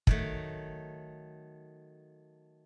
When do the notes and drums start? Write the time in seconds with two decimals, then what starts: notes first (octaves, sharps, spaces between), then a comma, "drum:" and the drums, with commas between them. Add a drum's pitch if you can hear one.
0.07 D#3 F#3 A3, drum: kick